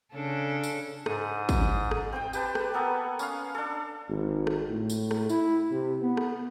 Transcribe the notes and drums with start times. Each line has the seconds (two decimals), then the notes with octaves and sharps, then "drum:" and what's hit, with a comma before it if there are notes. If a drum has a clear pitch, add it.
0.13 C#3 D4 A4
0.64 drum: tambourine
1.06 G#2 D#6, drum: rim click
1.49 drum: kick, tambourine
1.91 drum: rim click
2.12 C4 C5 G5
2.33 G4 B4 A5, drum: tambourine
2.55 drum: rim click
2.74 A#3 B3 A4 G#5
3.19 C#4 F5, drum: tambourine
3.54 D4 A4
4.09 G#1
4.47 drum: rim click
4.70 A2
4.90 drum: tambourine
5.11 drum: rim click
5.29 E4, drum: tambourine
5.71 C3
6.02 B3
6.17 drum: rim click